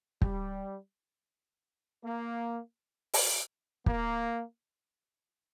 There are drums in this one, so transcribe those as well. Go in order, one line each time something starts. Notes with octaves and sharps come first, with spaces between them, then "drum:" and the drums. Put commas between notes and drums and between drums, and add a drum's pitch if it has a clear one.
G3, drum: kick
A#3
drum: open hi-hat
A#3, drum: kick